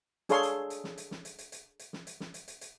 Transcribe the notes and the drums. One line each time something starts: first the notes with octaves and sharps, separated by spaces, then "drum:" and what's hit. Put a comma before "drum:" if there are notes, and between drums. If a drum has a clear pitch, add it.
D4 G#4 A4 C#5 F5 C6, drum: hi-hat
drum: hi-hat
drum: hi-hat
drum: snare
drum: hi-hat
drum: snare
drum: hi-hat
drum: hi-hat
drum: hi-hat
drum: hi-hat
drum: snare
drum: hi-hat
drum: snare
drum: hi-hat
drum: hi-hat
drum: hi-hat